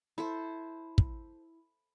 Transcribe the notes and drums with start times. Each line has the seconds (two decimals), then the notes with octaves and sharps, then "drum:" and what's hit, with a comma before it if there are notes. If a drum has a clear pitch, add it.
0.18 E4 A4 C5
0.98 drum: kick